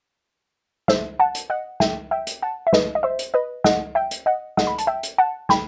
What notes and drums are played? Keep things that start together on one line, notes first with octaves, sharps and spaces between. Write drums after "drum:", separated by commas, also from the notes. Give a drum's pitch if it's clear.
C5 E5, drum: snare
F#5 A5
drum: hi-hat
D#5 F#5
E5 G5, drum: snare
E5 G5
drum: hi-hat
F#5 A5
E5
B4 D#5, drum: snare
D#5
C5 E5
drum: hi-hat
B4 D#5
D#5 F#5, drum: snare
E5 G5
drum: hi-hat
D#5 F#5
D#5 F#5, drum: snare
B5
A5, drum: hi-hat
E5 G5
drum: hi-hat
F#5 A5
G5 B5, drum: snare